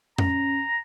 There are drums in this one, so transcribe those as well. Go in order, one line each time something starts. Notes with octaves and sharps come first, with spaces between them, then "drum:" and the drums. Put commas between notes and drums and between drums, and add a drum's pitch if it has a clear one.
C#4 A#5, drum: tom F2